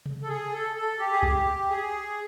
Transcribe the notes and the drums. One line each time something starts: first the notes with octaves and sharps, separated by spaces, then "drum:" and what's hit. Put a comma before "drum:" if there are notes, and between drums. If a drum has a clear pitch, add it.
drum: tom C3
A4
G#4
A4
A4
G4
G#4
G4, drum: kick C2
G#4